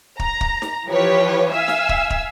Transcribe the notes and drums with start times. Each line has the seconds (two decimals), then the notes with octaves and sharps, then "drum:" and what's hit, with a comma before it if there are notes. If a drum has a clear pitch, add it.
0.19 A#5, drum: kick
0.41 drum: kick
0.62 drum: snare
0.88 E3 F3 G4 B4 C#5
1.52 E5 F5 G#5 E6
1.68 drum: snare
1.89 drum: kick
2.10 drum: kick